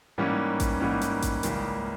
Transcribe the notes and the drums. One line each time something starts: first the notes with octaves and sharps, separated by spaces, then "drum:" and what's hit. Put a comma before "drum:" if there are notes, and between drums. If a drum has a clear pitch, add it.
G#2 E3 G3 A#3 C#4
drum: kick A1, hi-hat
G#2 E3 G3 A#3 C#4
drum: hi-hat
drum: kick A1, hi-hat
C#2 C#3 E3 G3 A#3, drum: hi-hat